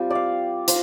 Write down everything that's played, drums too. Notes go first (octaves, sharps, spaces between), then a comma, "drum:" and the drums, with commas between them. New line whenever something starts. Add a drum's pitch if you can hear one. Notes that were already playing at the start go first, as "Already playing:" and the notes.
Already playing: G3 C4 F4
D5 F5
F4 C5, drum: hi-hat